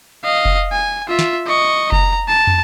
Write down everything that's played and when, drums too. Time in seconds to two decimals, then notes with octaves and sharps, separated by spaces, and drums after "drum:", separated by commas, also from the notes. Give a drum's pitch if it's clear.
0.24 D#5 F5
0.45 drum: kick F1
0.72 G#5
1.08 F4 E5
1.19 drum: snare
1.47 D#5 C#6
1.92 A#5, drum: kick F1
2.28 A5
2.47 drum: tom